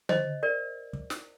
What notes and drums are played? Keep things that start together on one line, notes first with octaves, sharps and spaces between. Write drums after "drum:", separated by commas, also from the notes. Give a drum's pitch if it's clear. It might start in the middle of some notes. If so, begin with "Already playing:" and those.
C5 D#5, drum: tom D3
A#4 D5
drum: kick
drum: snare